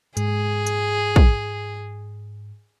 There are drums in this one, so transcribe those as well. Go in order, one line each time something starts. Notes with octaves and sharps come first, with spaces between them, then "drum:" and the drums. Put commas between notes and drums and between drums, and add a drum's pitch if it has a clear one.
G#2 G#4, drum: hi-hat
drum: hi-hat
drum: kick